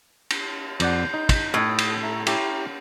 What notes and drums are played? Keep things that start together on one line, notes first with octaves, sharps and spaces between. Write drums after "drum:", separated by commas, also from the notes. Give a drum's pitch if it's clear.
drum: cymbal
F2 D5 F#5 G6, drum: cymbal
D#4
drum: kick, cymbal
A2 D#6
drum: cymbal
E5 A#5
E4 G4 C#5 A#5, drum: cymbal